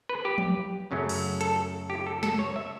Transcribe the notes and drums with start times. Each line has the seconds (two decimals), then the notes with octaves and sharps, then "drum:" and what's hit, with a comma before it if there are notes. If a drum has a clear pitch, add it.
0.09 B4
0.25 G4
0.38 drum: tom F3
0.91 F#2 C#3 F#3 A3 C#4
1.09 drum: cymbal
1.41 A4, drum: hi-hat
1.90 G4
2.07 A4
2.23 A4, drum: snare
2.39 C#5
2.56 E5